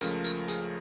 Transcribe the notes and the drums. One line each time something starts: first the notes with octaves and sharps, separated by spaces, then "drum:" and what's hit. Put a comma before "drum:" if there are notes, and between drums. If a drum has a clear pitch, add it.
C#2 C#3 F3 A3 A#4, drum: tambourine
A#4, drum: tambourine
G#4, drum: tambourine